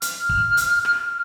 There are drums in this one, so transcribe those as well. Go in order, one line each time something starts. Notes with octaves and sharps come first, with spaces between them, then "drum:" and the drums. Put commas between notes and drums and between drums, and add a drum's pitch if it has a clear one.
F6, drum: hi-hat
drum: kick
drum: hi-hat
drum: rim click